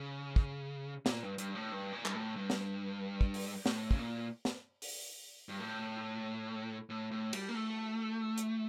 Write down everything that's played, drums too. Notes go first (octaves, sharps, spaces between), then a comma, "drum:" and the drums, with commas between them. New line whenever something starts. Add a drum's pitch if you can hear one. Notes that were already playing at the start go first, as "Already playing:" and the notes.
Already playing: C#3
drum: kick
A#2, drum: snare
G2
G2, drum: hi-hat
A2
G2
A#2
G2, drum: clap
A2
G2
drum: snare
drum: kick
drum: open hi-hat
A2, drum: snare
C#3, drum: kick
A#2
drum: snare
drum: open hi-hat
G2
A2
A2
A2
G3, drum: cymbal
A#3
A3
drum: hi-hat